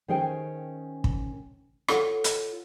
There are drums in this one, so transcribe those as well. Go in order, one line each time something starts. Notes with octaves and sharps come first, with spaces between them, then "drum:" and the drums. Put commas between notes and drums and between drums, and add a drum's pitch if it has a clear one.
D#3 C#4 G#4 C5 G5
drum: kick
F4 A4 C#5 F5 F#5, drum: rim click
drum: hi-hat